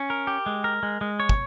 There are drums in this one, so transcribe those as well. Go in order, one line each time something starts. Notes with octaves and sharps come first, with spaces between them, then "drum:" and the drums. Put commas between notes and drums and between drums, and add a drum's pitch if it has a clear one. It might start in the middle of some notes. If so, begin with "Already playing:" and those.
Already playing: C#4
A#4
G4
G#3
A#4
G#3
G#3
C#5
drum: kick